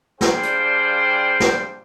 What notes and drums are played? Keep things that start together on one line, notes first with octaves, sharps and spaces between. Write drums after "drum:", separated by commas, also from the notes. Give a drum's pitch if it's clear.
G3 D4 G#4 C5 F5 G5, drum: snare
drum: hi-hat
drum: snare